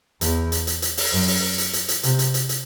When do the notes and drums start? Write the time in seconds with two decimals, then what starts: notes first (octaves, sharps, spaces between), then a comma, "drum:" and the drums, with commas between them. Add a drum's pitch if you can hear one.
0.21 E2, drum: hi-hat
0.52 drum: hi-hat
0.67 drum: hi-hat
0.82 drum: hi-hat
0.97 drum: open hi-hat
1.12 F#2
1.28 drum: open hi-hat
1.58 drum: hi-hat
1.73 drum: hi-hat
1.88 drum: hi-hat
2.03 C3, drum: hi-hat
2.19 drum: hi-hat
2.34 drum: hi-hat
2.49 drum: hi-hat